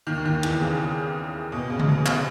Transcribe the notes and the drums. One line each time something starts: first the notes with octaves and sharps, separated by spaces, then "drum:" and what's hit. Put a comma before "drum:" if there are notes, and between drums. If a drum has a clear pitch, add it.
D#2 D#3
D#2 D#3
E2 E3, drum: cymbal
C#3
B2
C#3
drum: tom D3
B2
C#3, drum: clap